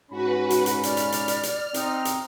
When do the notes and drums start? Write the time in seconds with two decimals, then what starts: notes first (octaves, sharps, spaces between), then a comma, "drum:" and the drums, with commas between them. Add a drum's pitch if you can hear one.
0.11 G#2 C#4 F#4 B4 B5
0.50 drum: hi-hat
0.66 drum: hi-hat
0.83 D5 F6, drum: hi-hat
0.97 drum: hi-hat
1.12 drum: hi-hat
1.28 drum: hi-hat
1.43 drum: hi-hat
1.74 C4 D#4, drum: hi-hat
2.05 drum: hi-hat